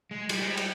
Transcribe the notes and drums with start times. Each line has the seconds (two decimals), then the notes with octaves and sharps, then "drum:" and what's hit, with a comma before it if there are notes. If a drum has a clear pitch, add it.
0.11 G#3
0.29 G3, drum: cymbal
0.42 G#3
0.47 G3
0.57 drum: cymbal